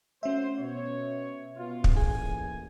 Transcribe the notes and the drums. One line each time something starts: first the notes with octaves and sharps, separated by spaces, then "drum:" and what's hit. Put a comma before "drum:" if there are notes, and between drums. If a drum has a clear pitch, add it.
A3 C#4 F#4 C5 E5
B2 C#5
B2 F4
drum: kick
A1 A#2 G#4 G#5